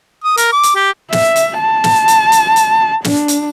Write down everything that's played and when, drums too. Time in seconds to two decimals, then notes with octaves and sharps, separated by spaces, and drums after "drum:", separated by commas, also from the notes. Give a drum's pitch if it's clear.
0.24 D#6
0.37 A#4, drum: hi-hat
0.53 D6
0.63 drum: hi-hat
0.75 G4
1.12 E5, drum: snare
1.36 drum: hi-hat
1.60 A5
1.84 drum: snare
2.08 drum: hi-hat
2.32 drum: hi-hat
2.56 drum: hi-hat
3.04 D4, drum: snare
3.28 drum: hi-hat